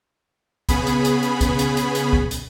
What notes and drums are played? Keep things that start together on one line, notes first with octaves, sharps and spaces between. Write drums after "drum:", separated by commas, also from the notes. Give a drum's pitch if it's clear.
C#3 B3 G#4 B5, drum: kick, hi-hat
drum: hi-hat
drum: hi-hat
drum: hi-hat
drum: kick, hi-hat
drum: hi-hat
drum: hi-hat
drum: hi-hat
drum: kick
drum: hi-hat